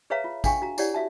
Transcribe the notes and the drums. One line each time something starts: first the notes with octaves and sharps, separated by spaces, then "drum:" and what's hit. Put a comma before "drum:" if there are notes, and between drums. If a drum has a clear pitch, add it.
G#4 B4 C#5 E5 F5 A#5
F4
D4 G#4 F5 G5 G#5 C#6, drum: kick, tambourine
F#4 A#5
E4 G4 C#5 D5 F#5, drum: tambourine
F#4 E5 A5